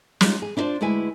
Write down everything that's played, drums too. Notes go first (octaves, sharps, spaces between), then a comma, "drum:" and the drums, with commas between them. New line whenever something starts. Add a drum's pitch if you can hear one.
G3 G#3 D#4 F4, drum: snare
G#4
D4 E4 F4 A4 C5 D5
D2 G#3 E4 B4 G#5